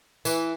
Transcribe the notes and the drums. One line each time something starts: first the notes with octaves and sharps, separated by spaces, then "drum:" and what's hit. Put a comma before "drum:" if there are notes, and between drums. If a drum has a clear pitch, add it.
E3, drum: tambourine